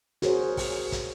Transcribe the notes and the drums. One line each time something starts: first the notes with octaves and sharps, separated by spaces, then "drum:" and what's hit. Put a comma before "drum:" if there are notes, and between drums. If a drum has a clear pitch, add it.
F#4 G#4 A#4 C5 C#5, drum: hi-hat
drum: kick, open hi-hat
drum: kick, hi-hat